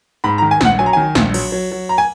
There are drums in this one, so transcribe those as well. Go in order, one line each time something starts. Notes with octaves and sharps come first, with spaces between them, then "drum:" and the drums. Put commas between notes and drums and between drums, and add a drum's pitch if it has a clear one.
G#2 B5
A#5
D#3
G#5
A#1 F#5, drum: snare
F#3 G#5
A#5
D#3 G#5
A#1, drum: snare
F#3, drum: cymbal
F#3
F#3
A#5
G#5